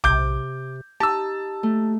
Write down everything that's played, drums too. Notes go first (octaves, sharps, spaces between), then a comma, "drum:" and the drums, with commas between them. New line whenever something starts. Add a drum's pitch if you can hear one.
C3 D6 G6, drum: tom B1
D#4 G4 A5 E6
A3